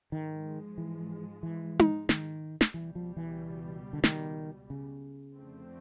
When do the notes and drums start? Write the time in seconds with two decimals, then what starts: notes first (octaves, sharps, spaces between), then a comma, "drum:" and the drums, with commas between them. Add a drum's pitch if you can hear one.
0.12 G#2 D#3 F3 G#3
0.78 E3
1.43 E3
1.79 drum: tom D#4
2.09 D#3, drum: snare
2.61 drum: snare
2.74 C#2 B2 E3 G3
2.95 F3
3.17 E3
3.93 D3
4.04 D#3, drum: snare
4.70 C#3
5.35 F2 D3 F3 A3 C4